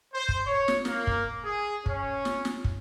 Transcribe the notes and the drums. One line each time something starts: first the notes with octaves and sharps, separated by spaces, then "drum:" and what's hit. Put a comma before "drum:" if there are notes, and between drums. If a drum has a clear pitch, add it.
C5
drum: kick
C#5
drum: snare
A#3, drum: snare
drum: kick
G#4
C#4, drum: kick
drum: snare
drum: snare
drum: kick